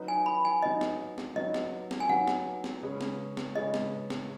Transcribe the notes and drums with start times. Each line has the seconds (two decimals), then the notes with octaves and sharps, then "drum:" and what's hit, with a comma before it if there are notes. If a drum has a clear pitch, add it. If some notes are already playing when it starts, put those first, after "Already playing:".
Already playing: F#3 D#4 B4
0.08 G#5
0.26 B5
0.45 G#5
0.62 F#3 D#4 B4 D#5
0.81 drum: snare
1.18 drum: snare
1.36 F#3 D#4 B4 D#5
1.54 drum: snare
1.91 drum: snare
2.00 G#5
2.09 F#3 D#4 B4 F#5
2.28 drum: snare
2.64 drum: snare
2.82 C#3 G#3 C#4 G#4 B4
3.01 drum: snare
3.37 drum: snare
3.55 C#3 G#3 C#4 G#4 B4 D#5
3.74 drum: snare
4.10 drum: snare